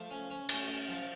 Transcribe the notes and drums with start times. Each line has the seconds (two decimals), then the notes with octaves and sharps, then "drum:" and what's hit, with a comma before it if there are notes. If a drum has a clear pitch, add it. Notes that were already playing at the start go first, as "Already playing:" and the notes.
Already playing: F3 A3
0.11 C#4
0.30 C#4
0.49 A3 C#4, drum: cymbal
0.68 C#4
0.88 F3